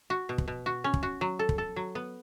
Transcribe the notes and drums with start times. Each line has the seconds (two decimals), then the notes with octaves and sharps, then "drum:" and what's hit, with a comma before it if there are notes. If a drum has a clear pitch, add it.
0.10 F#4
0.29 B2
0.38 drum: kick
0.48 B2
0.66 F#4
0.84 C#4
0.94 drum: kick
1.03 F#4
1.21 F#3
1.39 A4
1.49 drum: kick
1.58 A4
1.76 F#3
1.95 B3